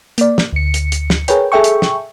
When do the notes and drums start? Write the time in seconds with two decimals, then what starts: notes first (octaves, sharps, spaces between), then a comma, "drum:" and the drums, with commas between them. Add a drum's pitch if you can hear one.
0.18 A#3 D5, drum: hi-hat
0.38 drum: snare
0.53 D2 C#7
0.74 drum: hi-hat
0.92 drum: hi-hat
1.10 drum: snare
1.28 G#4 A#4 B4 C#5 G5, drum: hi-hat
1.52 G#4 A4 E5 G5 C#6
1.64 drum: hi-hat
1.82 drum: snare